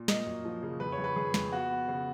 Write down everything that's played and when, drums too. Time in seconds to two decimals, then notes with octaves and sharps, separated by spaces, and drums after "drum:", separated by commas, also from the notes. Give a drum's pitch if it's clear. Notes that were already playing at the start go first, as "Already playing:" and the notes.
Already playing: A#2
0.08 A#3 D#5, drum: snare
0.26 F#2
0.45 F3
0.63 C#3
0.80 F2 B4
0.92 C#5
0.98 F2
1.04 B4
1.16 F2 G#4
1.34 F2, drum: snare
1.52 B3 F#4
1.70 B3
1.88 C#3